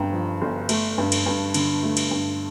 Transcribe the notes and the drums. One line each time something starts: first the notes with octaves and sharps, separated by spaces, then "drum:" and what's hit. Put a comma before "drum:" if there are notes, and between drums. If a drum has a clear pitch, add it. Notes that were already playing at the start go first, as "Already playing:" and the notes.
Already playing: G1 G2 G5 A#5
F3
G1
A3, drum: cymbal
G2
drum: cymbal
G2
D3, drum: cymbal
A3
drum: cymbal
G2